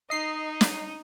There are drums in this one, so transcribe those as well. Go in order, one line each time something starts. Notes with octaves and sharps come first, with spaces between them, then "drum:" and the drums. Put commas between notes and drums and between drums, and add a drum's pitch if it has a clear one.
D#4 D#5 C7
drum: snare